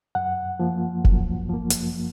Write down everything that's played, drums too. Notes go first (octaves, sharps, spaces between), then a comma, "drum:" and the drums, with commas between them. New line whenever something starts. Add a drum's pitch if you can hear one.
F#2 F#5
F3 A#3
F#2, drum: kick F1
F3 A#3
drum: hi-hat